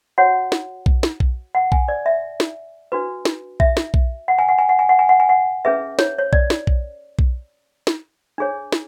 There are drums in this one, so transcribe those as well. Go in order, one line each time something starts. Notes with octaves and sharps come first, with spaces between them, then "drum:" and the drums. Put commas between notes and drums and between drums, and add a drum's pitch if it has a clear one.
F#4 C#5 F#5
drum: snare
drum: kick B1
drum: snare
drum: kick B1
F#5
G#5, drum: kick B1
D5
E5
drum: snare
D4 F#4 B4
drum: snare
E5, drum: kick B1
drum: snare
drum: kick B1
F#5
G#5
F#5
G#5
F#5
G#5
F#5
G#5
F#5
G#5
F#5
C#4 G#4 B4 E5
C#5, drum: snare
C#5
D5, drum: kick B1
drum: snare
drum: kick B1
drum: kick B1
drum: snare
D4 G#4 C#5
drum: snare